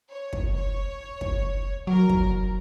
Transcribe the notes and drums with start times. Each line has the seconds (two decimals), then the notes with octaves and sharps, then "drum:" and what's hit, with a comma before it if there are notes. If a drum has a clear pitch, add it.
0.10 C#5
0.33 drum: kick
0.55 C#5
1.21 drum: kick
1.87 F#3 A#4
2.09 drum: kick